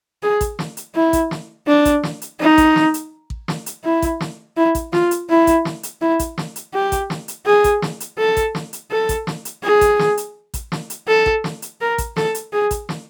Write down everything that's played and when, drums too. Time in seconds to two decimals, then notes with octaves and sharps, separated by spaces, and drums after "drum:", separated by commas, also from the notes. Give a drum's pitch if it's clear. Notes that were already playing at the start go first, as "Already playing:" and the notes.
0.23 G#4
0.41 drum: kick A1, hi-hat
0.59 drum: snare
0.77 drum: hi-hat
0.95 E4
1.13 drum: kick A1, hi-hat
1.31 drum: snare
1.67 D4
1.85 drum: kick A1, hi-hat
2.03 drum: snare
2.22 drum: hi-hat
2.40 D#4
2.58 drum: kick A1, hi-hat
2.76 drum: snare
2.94 drum: hi-hat
3.30 drum: kick A1
3.48 drum: snare
3.66 drum: hi-hat
3.84 E4
4.02 drum: kick A1, hi-hat
4.21 drum: snare
4.57 E4
4.75 drum: kick A1, hi-hat
4.93 F4, drum: snare
5.11 drum: hi-hat
5.29 E4
5.47 drum: kick A1, hi-hat
5.65 drum: snare
5.83 drum: hi-hat
6.01 E4
6.19 drum: kick A1, hi-hat
6.38 drum: snare
6.56 drum: hi-hat
6.74 G4
6.92 drum: kick A1, hi-hat
7.10 drum: snare
7.28 drum: hi-hat
7.46 G#4
7.64 drum: kick A1, hi-hat
7.82 drum: snare
8.00 drum: hi-hat
8.18 A4
8.37 drum: kick A1, hi-hat
8.55 drum: snare
8.73 drum: hi-hat
8.91 A4
9.09 drum: kick A1, hi-hat
9.27 drum: snare
9.45 drum: hi-hat
9.63 G#4
9.81 drum: kick A1, hi-hat
9.99 drum: snare
10.17 drum: hi-hat
10.54 drum: kick A1, hi-hat
10.72 drum: snare
10.90 drum: hi-hat
11.08 A4
11.26 drum: kick A1
11.44 drum: snare
11.62 drum: hi-hat
11.81 A#4
11.98 drum: kick A1, hi-hat
12.16 A4, drum: snare
12.35 drum: hi-hat
12.53 G#4
12.71 drum: kick A1, hi-hat
12.89 drum: snare